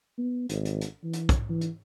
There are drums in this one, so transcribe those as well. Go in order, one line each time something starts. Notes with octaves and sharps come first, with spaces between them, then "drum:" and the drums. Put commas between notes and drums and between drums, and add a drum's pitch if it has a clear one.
B3
G#1, drum: hi-hat
drum: hi-hat
drum: hi-hat
E3
drum: hi-hat
drum: kick, hi-hat
E3
drum: hi-hat